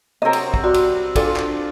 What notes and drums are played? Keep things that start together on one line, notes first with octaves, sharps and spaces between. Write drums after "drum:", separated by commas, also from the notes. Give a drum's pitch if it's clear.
C3 F#3 C4 A#4 D#5
drum: cymbal
drum: kick
G3 F#4 C6
drum: cymbal
D4 F4 A4 D5 G#5, drum: kick, cymbal
drum: clap